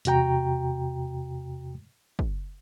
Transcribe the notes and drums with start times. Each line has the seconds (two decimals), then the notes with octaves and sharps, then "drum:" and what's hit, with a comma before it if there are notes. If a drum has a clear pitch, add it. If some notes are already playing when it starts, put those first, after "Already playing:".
0.05 E2 C3 F#4 G5 A#5, drum: hi-hat
2.19 drum: kick